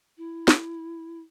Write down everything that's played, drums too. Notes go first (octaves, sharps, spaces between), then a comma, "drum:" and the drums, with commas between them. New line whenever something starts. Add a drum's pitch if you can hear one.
E4
drum: snare